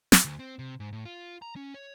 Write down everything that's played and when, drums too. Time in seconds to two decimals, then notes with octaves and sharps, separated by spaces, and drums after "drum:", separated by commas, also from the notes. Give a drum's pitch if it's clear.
0.12 drum: snare
0.25 D2
0.39 C4
0.59 C3
0.80 G#2
0.93 A2
1.05 F4
1.42 A#5
1.56 C#4
1.74 C#5